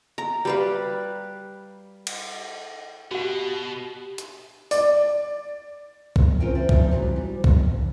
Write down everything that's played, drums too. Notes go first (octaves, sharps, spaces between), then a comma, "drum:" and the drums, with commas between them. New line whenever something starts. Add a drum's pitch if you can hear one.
A#5
G3 B4 F5
drum: cymbal
B2 F#4 G4 F#5
drum: hi-hat
D5, drum: open hi-hat
drum: kick B1
C4 C#4 F4 A#4 C5 G5
C5 D5 E5
D2 G2 F3 C4 D#4, drum: kick B1
G#2 C3 E3 F#3
G3
F2, drum: kick B1